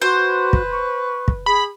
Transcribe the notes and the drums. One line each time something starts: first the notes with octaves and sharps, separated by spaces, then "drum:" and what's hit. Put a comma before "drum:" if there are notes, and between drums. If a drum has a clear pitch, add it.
F#4 B4 C5
drum: kick
C#6
drum: kick
G#4 B5